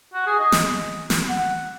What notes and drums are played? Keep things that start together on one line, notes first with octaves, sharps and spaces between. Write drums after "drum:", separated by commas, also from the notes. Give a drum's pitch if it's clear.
F#4
G#4
D#5
drum: snare
drum: snare
F#5